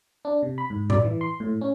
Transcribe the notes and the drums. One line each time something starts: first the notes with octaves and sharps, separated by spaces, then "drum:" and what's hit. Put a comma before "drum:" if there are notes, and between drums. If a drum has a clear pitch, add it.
D4
C3
B5
G#2
D5, drum: tom A2
E3
C6
A2
C#4